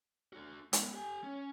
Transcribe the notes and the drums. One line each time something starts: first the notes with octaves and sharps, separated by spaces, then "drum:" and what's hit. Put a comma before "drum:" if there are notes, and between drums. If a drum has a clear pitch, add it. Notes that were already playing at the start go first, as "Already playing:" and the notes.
D4 F#4
G#3 B3, drum: hi-hat
G4 G#5
C#4